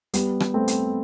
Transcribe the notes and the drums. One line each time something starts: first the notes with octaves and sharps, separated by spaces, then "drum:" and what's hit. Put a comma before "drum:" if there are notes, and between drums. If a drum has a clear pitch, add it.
G3 B3, drum: hi-hat
drum: rim click
A3 C4
drum: hi-hat